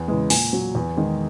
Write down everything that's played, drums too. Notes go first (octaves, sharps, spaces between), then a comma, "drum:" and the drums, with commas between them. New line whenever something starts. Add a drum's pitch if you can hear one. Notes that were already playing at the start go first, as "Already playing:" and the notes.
Already playing: E2
C#3 E3 G#3
A#2 G#5, drum: open hi-hat
F#3
E2
D#3 G#3